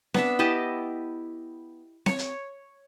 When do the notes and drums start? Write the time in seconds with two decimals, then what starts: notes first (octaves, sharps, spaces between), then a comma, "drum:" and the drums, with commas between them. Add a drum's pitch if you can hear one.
0.14 B3 D4 E5, drum: snare C4
0.39 E4 G4 D#5 A5
2.06 C#5, drum: snare C4
2.19 drum: hi-hat